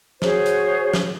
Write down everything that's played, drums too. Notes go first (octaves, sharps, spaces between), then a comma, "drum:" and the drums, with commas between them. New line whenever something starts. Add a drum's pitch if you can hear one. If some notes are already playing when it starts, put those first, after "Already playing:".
F#4 G#4 C5 C#5, drum: snare
drum: hi-hat
drum: snare